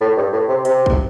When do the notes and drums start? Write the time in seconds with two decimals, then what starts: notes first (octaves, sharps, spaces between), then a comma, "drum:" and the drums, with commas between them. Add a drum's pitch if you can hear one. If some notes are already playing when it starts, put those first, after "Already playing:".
0.01 A2
0.17 G2
0.32 A2
0.49 C3
0.65 C3, drum: hi-hat
0.86 drum: kick